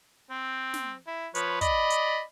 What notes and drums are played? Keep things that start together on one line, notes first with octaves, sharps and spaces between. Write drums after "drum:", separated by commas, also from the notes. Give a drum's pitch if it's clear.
C4
drum: snare
E4
F3 B4 C#5, drum: hi-hat
D5 D#5 B5, drum: kick, hi-hat
drum: hi-hat